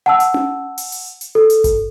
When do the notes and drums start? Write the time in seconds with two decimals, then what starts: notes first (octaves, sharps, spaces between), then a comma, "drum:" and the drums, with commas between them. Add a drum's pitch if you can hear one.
0.06 F#5 A5 E6
0.20 drum: hi-hat
0.34 drum: tom C#4
0.78 drum: open hi-hat
0.92 drum: hi-hat
1.21 drum: hi-hat
1.35 A4
1.50 drum: hi-hat
1.64 drum: kick G1, hi-hat